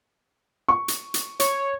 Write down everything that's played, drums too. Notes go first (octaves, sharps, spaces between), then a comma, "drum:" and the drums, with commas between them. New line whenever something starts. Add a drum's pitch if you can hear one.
C#6
drum: hi-hat
drum: hi-hat
C#5, drum: hi-hat